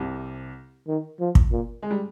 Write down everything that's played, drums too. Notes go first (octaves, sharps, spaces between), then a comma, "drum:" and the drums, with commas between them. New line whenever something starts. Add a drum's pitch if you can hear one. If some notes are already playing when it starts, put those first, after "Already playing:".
Already playing: C2 C3
D#3
F3
drum: kick
A#2
G#3
G3